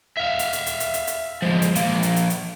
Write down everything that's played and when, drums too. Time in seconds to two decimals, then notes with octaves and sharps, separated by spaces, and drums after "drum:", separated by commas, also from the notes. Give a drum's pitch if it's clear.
0.17 E5 F5
0.39 drum: hi-hat
0.53 drum: hi-hat
0.66 drum: hi-hat
0.80 drum: hi-hat
0.94 drum: hi-hat
1.07 drum: hi-hat
1.42 F3 G#3
1.62 drum: hi-hat
1.75 F3 A#3, drum: hi-hat
2.03 drum: hi-hat
2.16 drum: hi-hat
2.30 drum: hi-hat